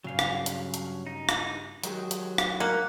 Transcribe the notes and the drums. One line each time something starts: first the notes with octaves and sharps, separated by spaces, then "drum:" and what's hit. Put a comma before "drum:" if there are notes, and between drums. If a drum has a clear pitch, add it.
G2 C#3 F#3 F5
drum: rim click
drum: hi-hat
drum: hi-hat
D#4
drum: rim click
D#3 F#3 G#3 G4, drum: hi-hat
drum: hi-hat
drum: rim click
A#3 F#5